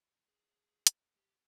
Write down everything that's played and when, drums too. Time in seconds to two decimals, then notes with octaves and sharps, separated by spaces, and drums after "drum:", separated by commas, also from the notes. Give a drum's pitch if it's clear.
0.28 G#4
0.87 drum: hi-hat
1.17 G4